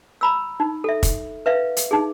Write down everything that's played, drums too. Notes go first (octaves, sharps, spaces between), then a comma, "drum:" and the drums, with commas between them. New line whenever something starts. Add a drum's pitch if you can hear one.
A#5 B5 E6
D#4
A4 E5
drum: kick, hi-hat
B4 E5 F5
drum: hi-hat
D#4 G#4